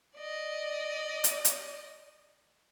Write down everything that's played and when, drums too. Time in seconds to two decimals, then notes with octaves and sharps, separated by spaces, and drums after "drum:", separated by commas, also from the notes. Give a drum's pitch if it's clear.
0.17 D5 D#5
1.24 drum: hi-hat
1.45 drum: hi-hat